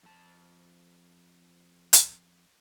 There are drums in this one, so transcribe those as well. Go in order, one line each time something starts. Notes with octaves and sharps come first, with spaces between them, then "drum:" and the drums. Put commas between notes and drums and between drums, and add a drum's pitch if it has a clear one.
F2 A5
drum: hi-hat